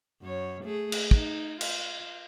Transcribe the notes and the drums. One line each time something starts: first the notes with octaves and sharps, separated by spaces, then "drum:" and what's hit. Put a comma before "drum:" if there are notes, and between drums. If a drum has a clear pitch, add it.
F#2 C#5
A3 G#4
drum: cymbal
D#4, drum: kick
F4, drum: cymbal